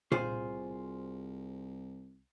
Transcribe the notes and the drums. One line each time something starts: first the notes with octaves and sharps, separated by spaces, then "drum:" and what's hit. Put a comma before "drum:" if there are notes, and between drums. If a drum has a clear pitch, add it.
C2 F4 G#4 C5, drum: tom A#2